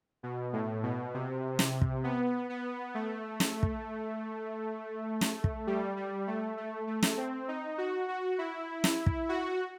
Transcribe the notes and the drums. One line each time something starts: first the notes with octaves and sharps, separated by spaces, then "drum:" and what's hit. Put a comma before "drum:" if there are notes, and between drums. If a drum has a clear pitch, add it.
B2
A2
B2
C3
drum: snare
drum: kick
B3
B3
A3
drum: snare
drum: kick
drum: snare
drum: kick
G3
G3
A3
A3
A3
drum: snare
C4
D#4
F#4
F#4
E4
drum: snare
drum: kick
F#4